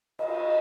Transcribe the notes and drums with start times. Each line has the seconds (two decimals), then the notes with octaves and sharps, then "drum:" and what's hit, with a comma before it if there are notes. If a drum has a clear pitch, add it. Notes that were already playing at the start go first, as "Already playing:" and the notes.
0.19 D#5, drum: cymbal